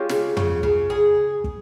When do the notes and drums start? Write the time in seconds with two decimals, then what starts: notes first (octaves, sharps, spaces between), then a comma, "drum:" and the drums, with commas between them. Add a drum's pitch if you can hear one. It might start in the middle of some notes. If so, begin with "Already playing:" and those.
Already playing: G#3 C#4 F4 G4
0.09 C#3, drum: snare
0.37 C#3, drum: tom
0.63 C#3, drum: kick
0.90 G#4
1.44 drum: kick